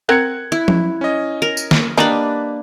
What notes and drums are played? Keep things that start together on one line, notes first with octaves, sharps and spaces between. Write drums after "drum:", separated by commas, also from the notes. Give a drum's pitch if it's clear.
C4 A#4 F#5 F#6 G#6 C#7
E4
drum: tom F3
C#4 D#5
A#4
drum: tambourine
drum: snare
G3 A#3 D4 D#4 B4